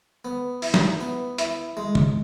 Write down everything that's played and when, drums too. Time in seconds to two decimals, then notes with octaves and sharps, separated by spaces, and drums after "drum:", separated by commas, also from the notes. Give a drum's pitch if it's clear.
0.25 B3
0.62 E4, drum: open hi-hat
0.74 drum: snare
1.00 B3
1.38 E4, drum: hi-hat
1.77 G#3
1.95 drum: tom